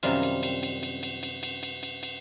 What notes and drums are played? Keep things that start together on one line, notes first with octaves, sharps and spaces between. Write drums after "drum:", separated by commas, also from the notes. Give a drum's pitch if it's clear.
F#2 C3 D#3 G3 F4, drum: cymbal
drum: cymbal
drum: cymbal
drum: cymbal
drum: cymbal
drum: cymbal
drum: cymbal
drum: cymbal
drum: cymbal
drum: cymbal
drum: cymbal